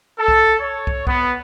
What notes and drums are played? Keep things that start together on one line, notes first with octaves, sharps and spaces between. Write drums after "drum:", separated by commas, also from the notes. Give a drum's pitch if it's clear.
A4
drum: kick
C#5
drum: kick
B3, drum: kick